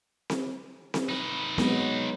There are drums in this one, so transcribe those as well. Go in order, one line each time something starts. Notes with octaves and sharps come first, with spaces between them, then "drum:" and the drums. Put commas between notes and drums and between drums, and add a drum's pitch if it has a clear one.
drum: snare C4
drum: snare C4
D#4 B4
F#3 G#3 B3, drum: snare C4